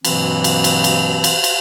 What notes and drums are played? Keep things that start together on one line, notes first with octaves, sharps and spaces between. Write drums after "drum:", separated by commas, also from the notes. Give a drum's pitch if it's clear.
G2 B2 E3 F#3 A#3 C4, drum: cymbal
drum: cymbal
drum: cymbal
drum: cymbal
drum: cymbal
drum: cymbal